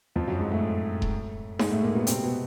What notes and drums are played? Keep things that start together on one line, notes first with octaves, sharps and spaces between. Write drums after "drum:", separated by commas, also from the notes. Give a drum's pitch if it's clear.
F2 F3
F#2 F#3
G#2 G#3
A2 A3
drum: kick D#1
G#2 G#3, drum: snare D#4
A2 A3
A#2 A#3
B2 B3
C3 C4, drum: hi-hat
B2 B3